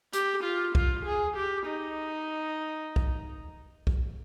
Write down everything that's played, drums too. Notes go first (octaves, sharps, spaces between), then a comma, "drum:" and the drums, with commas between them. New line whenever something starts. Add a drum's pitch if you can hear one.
G4, drum: hi-hat
F4
F4, drum: kick
G#4
G4
D#4
drum: kick
drum: kick